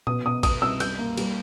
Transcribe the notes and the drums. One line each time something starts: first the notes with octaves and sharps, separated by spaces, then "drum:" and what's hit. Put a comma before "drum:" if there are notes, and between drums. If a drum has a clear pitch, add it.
B2 D#6, drum: tom A#2
B2 D#6
B2 D#6, drum: kick G#1, cymbal
C2 E6
G3 G6, drum: cymbal
A#3
G3, drum: cymbal